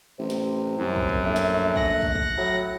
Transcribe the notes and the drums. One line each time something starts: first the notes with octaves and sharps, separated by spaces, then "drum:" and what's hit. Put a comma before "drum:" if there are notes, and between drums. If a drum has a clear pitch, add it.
A1 C3
drum: snare
C2 F#2
drum: kick
drum: kick
A#1 A3
drum: snare
F#5 A#6, drum: kick
drum: kick
drum: kick
A2 F#3